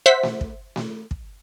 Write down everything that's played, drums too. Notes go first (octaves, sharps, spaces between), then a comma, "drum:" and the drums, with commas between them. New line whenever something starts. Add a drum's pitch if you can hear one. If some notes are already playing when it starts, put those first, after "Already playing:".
C5 E5 F#5 B6
drum: snare A3
drum: kick
drum: snare A3
drum: kick